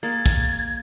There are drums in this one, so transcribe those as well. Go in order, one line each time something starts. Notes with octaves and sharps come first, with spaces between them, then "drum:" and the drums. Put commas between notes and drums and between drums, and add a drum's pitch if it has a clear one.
G#3 A#3 G#6 A6
drum: kick, hi-hat